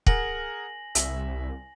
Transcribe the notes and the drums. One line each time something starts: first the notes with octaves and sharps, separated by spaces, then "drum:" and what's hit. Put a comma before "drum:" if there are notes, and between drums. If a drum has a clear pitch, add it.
G#4 A#4 F#5 G#5 A#6 F#7, drum: kick
C2 E5, drum: hi-hat